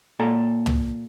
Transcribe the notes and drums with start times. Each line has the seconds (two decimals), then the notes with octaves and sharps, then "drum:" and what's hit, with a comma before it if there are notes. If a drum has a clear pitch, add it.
0.19 A#2 A4 A#5
0.66 drum: tom